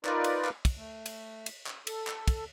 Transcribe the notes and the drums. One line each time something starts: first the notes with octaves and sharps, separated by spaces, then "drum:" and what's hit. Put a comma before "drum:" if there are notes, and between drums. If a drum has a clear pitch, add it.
D#4 F4 A#4 B4 D5, drum: clap
drum: cymbal
drum: clap
drum: kick, cymbal
A3
drum: cymbal
drum: cymbal
drum: clap
A4, drum: cymbal
drum: clap
drum: kick, cymbal